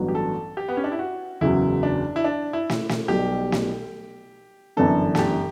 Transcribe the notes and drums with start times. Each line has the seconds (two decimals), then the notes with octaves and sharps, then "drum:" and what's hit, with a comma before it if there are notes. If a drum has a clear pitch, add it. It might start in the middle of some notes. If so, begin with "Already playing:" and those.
Already playing: A1 G2 F#3 B3 F#4
0.08 G4
0.15 A4
0.57 G4
0.68 B3
0.77 C#4
0.84 D4
0.92 E4
0.99 F#4
1.41 F#1 E2 C#3 F#3 E4
1.83 D4
2.16 E4
2.24 D4
2.53 E4
2.70 drum: snare
2.89 drum: snare
3.08 B1 B2 G3 G4
3.52 drum: snare
4.77 G1 F#2 E3 B3 D4 A4
5.15 A4, drum: snare
5.19 G4